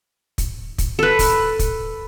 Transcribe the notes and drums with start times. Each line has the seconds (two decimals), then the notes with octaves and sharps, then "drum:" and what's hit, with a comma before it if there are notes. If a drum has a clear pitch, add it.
0.38 drum: kick, hi-hat
0.78 drum: kick, hi-hat
0.99 A4 B4
1.19 drum: kick, open hi-hat
1.59 drum: kick, hi-hat